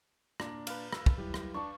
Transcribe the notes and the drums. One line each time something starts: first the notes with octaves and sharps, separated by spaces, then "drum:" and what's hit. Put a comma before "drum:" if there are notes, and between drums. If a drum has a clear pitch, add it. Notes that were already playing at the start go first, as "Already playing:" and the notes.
A#2 D4 A#5, drum: rim click
B4 F5, drum: cymbal
E6, drum: rim click
drum: kick
F#3 G3 E4 G4
drum: rim click
D4 A5 C#6